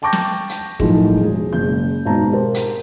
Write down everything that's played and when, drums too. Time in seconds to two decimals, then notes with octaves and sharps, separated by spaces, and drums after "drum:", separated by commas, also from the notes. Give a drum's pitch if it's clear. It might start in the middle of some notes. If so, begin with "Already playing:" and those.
0.02 G5 A5 C#6 D6 G6 A#6
0.13 drum: snare
0.49 drum: hi-hat
0.80 A2 D#3 F3 F#3 G#3, drum: kick
1.21 E1 G#4
1.53 F#1 G6
2.05 G#1 G#2 B2 A5 A#5
2.31 G4 A#4 C5
2.54 drum: hi-hat